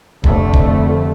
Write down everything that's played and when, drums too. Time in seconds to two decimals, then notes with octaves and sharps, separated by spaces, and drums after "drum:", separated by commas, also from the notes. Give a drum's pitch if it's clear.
0.24 F1 F2 D3 A3, drum: kick D#1
0.53 drum: kick D#1